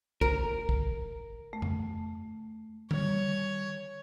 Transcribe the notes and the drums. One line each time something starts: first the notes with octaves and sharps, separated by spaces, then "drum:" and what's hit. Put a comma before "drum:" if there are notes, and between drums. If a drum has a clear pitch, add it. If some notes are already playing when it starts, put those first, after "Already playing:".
A#4, drum: kick
drum: kick
A3
drum: tom F2
D#3 G3 C#5, drum: tom D3